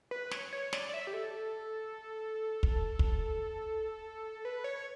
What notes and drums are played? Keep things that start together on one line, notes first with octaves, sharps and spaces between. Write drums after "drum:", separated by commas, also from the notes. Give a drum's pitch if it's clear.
B4
C#5, drum: snare
C#5
D5, drum: snare
D5
E5
G4
A4
drum: kick
drum: kick
B4
C#5